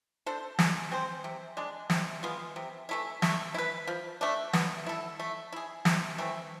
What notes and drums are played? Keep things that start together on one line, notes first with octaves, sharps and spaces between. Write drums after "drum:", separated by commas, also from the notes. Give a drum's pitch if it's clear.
D4 A4 C5
G#3, drum: snare
C4 G#4 C5
C3
G#3 D4
C3, drum: snare
G#3 B3 F4
C3
E3 A3 E4
A3, drum: snare
E4
B4
F3
A3 D4
B3, drum: snare
E4 A4
A3
E4 G#4
C3, drum: snare
E3 A3 C4